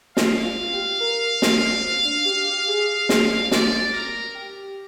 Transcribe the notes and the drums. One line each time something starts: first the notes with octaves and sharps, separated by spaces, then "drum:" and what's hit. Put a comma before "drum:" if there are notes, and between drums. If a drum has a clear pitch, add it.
F4 F5, drum: snare
F4
G4
A#4
drum: snare
C4
D4
G4
G4
G#4
drum: snare
D5, drum: snare
A#4
G4